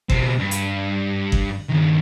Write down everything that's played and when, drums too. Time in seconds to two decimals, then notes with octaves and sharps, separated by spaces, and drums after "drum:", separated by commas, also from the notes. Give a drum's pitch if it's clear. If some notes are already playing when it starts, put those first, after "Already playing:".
0.10 B2 C4, drum: kick G1
0.39 G2
0.51 drum: hi-hat
1.32 drum: kick G1
1.70 G2 D#3